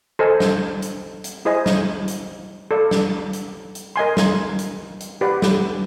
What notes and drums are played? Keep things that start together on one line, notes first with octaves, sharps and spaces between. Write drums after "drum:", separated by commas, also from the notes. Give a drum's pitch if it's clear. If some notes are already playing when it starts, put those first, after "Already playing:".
A4 C5 D#5 G#5
drum: snare
drum: hi-hat
drum: hi-hat
E4 G#4 C5 D#5 G#5
drum: snare
drum: hi-hat
A4 D5 F5
drum: snare
drum: hi-hat
drum: hi-hat
A#4 D#5 G#5 C6
drum: snare
drum: hi-hat
drum: hi-hat
G4 B4 D5 F#5
drum: snare